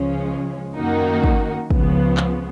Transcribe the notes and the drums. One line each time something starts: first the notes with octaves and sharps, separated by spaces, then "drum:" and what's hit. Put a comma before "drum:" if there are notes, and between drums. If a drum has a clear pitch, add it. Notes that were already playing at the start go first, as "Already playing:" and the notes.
Already playing: C#2 C#3 F3 G#3 C#4
F#2 D#3 A#3 D#4 F#4
drum: kick
C#2 C#3 F3 B3, drum: kick
drum: clap